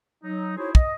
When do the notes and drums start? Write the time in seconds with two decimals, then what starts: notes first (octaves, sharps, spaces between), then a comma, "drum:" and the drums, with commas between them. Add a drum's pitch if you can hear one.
0.24 F#3 D#4
0.57 D#4 E4 F#4 G#4 C5 C#5
0.75 D#5, drum: kick